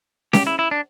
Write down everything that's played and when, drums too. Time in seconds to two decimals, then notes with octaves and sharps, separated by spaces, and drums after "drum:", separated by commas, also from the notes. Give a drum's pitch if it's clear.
0.33 G4, drum: snare C#4
0.47 E4
0.59 E4
0.71 D4